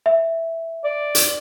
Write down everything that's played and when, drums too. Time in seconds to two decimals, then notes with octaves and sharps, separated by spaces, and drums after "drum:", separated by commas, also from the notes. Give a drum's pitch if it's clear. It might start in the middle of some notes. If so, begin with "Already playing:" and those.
0.06 E5
0.84 D5
1.15 drum: hi-hat